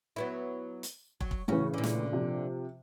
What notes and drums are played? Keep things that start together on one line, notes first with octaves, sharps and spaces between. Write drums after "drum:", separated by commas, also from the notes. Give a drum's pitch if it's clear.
F#3 B3 E4
drum: hi-hat
F#3, drum: kick
drum: kick
A2 C#3 E3 C#4 F#4
A#2 D3
drum: snare
C3 F3